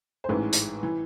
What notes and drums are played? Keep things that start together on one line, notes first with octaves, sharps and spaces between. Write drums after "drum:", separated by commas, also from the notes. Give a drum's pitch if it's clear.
C5
A1 G#2 E3 B4
drum: hi-hat
E3